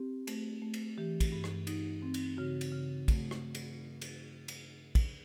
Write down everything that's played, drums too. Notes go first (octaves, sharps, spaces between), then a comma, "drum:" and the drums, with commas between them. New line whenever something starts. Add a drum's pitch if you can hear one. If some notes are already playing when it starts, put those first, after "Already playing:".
Already playing: C4 G4
A3, drum: cymbal
A3
drum: cymbal
E3 G4
drum: kick, cymbal
G2
drum: rim click
D#4, drum: cymbal
C4
drum: cymbal
C#3 F#4
drum: cymbal
C#3
A3, drum: kick, cymbal
drum: rim click
drum: cymbal
drum: cymbal
drum: cymbal
drum: kick, cymbal